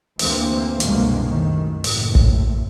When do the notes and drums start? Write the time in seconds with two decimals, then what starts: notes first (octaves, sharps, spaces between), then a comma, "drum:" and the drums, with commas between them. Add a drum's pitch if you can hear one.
0.19 D2 E3 A#3 C4, drum: open hi-hat
0.80 C2 F#2 B2 D3 G#3 A#3, drum: hi-hat
1.23 F#2 A2 D#3
1.84 F#1 A2, drum: open hi-hat
2.15 drum: kick